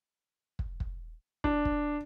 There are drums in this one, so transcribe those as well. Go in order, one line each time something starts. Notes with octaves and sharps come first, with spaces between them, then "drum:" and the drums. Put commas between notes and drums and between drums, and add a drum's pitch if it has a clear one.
drum: kick
drum: kick
D4, drum: kick
drum: kick